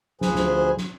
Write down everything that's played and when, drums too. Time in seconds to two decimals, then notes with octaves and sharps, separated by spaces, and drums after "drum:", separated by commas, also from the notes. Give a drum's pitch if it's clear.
0.21 D2 F3 G#4 B4 C5 G#5, drum: snare
0.35 drum: snare
0.77 drum: snare